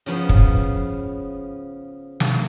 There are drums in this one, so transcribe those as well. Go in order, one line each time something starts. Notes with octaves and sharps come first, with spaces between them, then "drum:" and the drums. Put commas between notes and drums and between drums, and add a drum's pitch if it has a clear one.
C#3 F3 B3
drum: kick
drum: snare